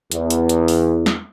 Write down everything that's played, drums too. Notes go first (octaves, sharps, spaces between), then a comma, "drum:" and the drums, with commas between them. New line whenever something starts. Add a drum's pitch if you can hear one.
E2, drum: hi-hat
drum: hi-hat
drum: hi-hat
drum: open hi-hat
drum: snare